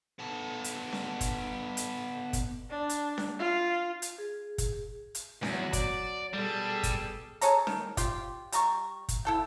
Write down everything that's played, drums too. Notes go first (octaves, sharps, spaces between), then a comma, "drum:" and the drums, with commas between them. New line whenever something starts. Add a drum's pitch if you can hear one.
B3 A4
drum: hi-hat
drum: snare C#4
drum: kick, hi-hat
drum: hi-hat
drum: kick, hi-hat
D4
drum: hi-hat
drum: snare C#4
F4
drum: hi-hat
G#4
drum: kick, hi-hat
drum: hi-hat
E2 F#3 F#4, drum: snare C#4
D5, drum: kick, hi-hat
B2 G3 G#4 A4
drum: kick, hi-hat
G#4 A4 C#5 A#5, drum: hi-hat
D#3, drum: snare C#4
F4 G4 G5, drum: kick, hi-hat
G3 A#5 C#6, drum: hi-hat
drum: kick, hi-hat
E4 A4 G5